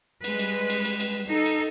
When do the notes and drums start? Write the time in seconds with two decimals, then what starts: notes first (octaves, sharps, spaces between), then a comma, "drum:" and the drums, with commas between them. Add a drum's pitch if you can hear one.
0.24 G3 G#3 B4, drum: cymbal
0.39 drum: cymbal
0.70 drum: cymbal
0.85 drum: cymbal
1.00 drum: cymbal
1.25 D#4 A4
1.46 drum: cymbal